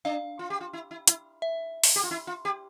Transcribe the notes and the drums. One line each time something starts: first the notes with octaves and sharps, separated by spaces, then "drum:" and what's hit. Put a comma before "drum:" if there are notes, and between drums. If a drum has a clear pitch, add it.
D4 F5
F4
G4
F4
E4
E4
E4, drum: hi-hat
E5
drum: open hi-hat
G4
F4
E4
F4
G4